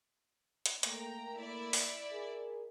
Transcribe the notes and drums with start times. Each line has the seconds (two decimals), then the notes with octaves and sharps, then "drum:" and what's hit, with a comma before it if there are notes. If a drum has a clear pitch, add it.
0.66 drum: hi-hat
0.83 A3 A#3 G5 A#5, drum: hi-hat
1.38 E4 D5 E5
1.73 drum: open hi-hat
2.11 G#4 A#4